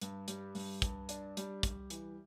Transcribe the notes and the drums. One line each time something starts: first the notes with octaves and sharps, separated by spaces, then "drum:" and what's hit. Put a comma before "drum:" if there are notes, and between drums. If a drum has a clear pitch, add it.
G2, drum: hi-hat
G3, drum: hi-hat
G2, drum: open hi-hat
G2, drum: kick, hi-hat
D4, drum: hi-hat
G3, drum: hi-hat
G3, drum: kick, hi-hat
E3, drum: hi-hat